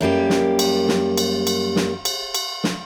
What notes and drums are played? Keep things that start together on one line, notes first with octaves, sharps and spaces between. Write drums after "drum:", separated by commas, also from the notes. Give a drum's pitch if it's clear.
F#2 G3 A#3 G4
drum: snare
drum: cymbal
drum: snare
drum: cymbal
drum: cymbal
drum: snare
drum: cymbal
drum: cymbal
drum: snare